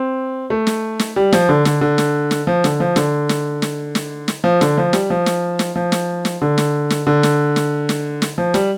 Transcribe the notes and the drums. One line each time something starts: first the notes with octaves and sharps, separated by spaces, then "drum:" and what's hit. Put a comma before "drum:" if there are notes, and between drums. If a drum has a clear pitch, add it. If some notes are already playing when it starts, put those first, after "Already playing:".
Already playing: C4
A3
drum: snare
drum: snare
G3
F3, drum: snare
D3
D3, drum: snare
D3
drum: snare
drum: snare
F3
D3, drum: snare
F3
D3, drum: snare
drum: snare
drum: snare
drum: snare
drum: snare
F3
D3, drum: snare
F3
G3, drum: snare
F3
drum: snare
drum: snare
F3
drum: snare
drum: snare
D3
drum: snare
drum: snare
D3
drum: snare
drum: snare
drum: snare
drum: snare
F3
G3, drum: snare